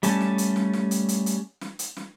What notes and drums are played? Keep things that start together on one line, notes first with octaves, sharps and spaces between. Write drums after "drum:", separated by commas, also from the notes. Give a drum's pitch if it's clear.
G3 A3 C#4 A5, drum: hi-hat
drum: snare
drum: hi-hat
drum: snare
drum: snare
drum: hi-hat
drum: hi-hat
drum: hi-hat
drum: snare
drum: hi-hat
drum: snare